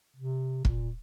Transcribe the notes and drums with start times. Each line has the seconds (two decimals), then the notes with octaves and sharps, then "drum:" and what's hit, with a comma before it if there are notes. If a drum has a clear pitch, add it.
0.16 C3
0.65 A#2, drum: kick